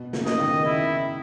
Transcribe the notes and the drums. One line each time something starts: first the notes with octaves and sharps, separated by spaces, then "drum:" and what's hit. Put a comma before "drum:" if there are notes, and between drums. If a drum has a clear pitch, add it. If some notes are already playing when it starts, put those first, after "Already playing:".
Already playing: B2
C#3, drum: snare
D#5, drum: snare
D#3
C#3 E4